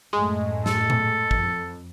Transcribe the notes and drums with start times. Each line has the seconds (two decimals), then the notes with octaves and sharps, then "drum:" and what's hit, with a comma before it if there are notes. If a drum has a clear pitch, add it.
0.13 F#2 A2 G#3 A3
0.66 A4, drum: snare
0.90 drum: tom A#2
1.31 F2, drum: kick